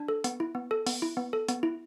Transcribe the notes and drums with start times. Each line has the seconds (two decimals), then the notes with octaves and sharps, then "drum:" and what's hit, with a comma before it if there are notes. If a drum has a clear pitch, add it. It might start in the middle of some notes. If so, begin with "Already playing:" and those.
Already playing: D4
0.08 A4
0.24 B3, drum: hi-hat
0.40 E4
0.55 B3
0.71 A4
0.87 B3, drum: open hi-hat
1.02 E4
1.17 B3
1.33 A4
1.49 B3, drum: hi-hat
1.63 E4